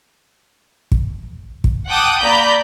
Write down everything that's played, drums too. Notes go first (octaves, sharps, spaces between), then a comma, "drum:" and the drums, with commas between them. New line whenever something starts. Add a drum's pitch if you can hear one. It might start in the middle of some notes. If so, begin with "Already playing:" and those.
drum: kick
drum: kick
F#5 G5 A5 D6 D#6 F#6
A#3 D5 A#5 B5 G6